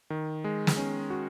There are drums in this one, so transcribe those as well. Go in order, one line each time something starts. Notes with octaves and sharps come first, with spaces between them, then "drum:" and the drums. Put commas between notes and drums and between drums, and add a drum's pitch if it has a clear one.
D#3
G#3
drum: snare
C#4
F#4